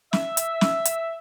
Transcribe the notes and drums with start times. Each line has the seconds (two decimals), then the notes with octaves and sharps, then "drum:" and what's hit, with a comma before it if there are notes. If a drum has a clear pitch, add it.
0.13 E5, drum: snare
0.37 drum: hi-hat
0.61 drum: snare
0.85 drum: hi-hat